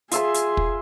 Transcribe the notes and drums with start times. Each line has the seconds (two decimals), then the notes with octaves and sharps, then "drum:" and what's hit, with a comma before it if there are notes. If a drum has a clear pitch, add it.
0.11 F4 G#4 E5 C6, drum: hi-hat
0.34 drum: hi-hat
0.57 drum: kick